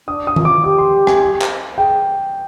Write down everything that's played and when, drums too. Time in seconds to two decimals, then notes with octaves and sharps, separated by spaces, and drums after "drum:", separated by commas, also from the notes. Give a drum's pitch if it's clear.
0.07 D4 D#6
0.27 D#6
0.36 F4, drum: tom D#3
0.45 D6
0.64 G4 D6
0.78 C6
1.07 G#5, drum: rim click
1.42 drum: clap
1.78 G#4 G5